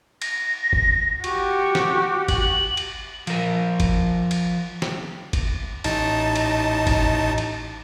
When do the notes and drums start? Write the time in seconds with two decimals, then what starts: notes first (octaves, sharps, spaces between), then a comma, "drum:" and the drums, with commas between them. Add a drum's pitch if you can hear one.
0.22 A#6, drum: cymbal
0.73 drum: kick G1
1.24 F#4 G4 C#6, drum: cymbal
1.75 drum: snare
2.28 F#7, drum: kick G1, cymbal
2.77 drum: cymbal
3.27 F3 A#4, drum: cymbal
3.80 drum: kick G1, cymbal
4.31 drum: cymbal
4.82 drum: snare
5.33 drum: kick G1, cymbal
5.84 A1 D#4 A5, drum: cymbal
6.36 drum: cymbal
6.87 drum: kick G1, cymbal
7.38 drum: cymbal